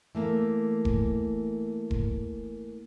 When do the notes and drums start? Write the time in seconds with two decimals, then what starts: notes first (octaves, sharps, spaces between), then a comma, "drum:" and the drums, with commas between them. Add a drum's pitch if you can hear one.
0.15 E3 A3 A#3
0.85 drum: kick E1
1.91 drum: kick E1